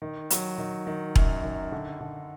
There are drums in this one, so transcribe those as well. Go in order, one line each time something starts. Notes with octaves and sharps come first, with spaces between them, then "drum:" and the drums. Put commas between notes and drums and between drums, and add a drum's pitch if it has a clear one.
D#3
F#3, drum: hi-hat
D#3
D#3
F#2, drum: kick E1
D#3
D3
D3